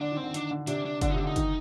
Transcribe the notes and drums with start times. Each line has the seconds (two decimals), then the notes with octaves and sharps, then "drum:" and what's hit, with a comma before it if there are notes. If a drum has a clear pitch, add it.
0.01 D3 D4
0.12 D#3
0.17 C4
0.23 D3
0.34 D#3 D4, drum: hi-hat
0.51 D3
0.67 C3 D4, drum: hi-hat
0.85 D4
1.01 D3 D4, drum: kick, hi-hat
1.10 D#4
1.13 C3 D4
1.24 D3 D#4
1.36 D#3, drum: kick, hi-hat